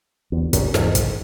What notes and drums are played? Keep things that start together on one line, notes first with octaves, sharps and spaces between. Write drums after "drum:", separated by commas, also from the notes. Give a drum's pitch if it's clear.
E2
F#2, drum: kick, hi-hat
E2 G#2, drum: snare
drum: kick, hi-hat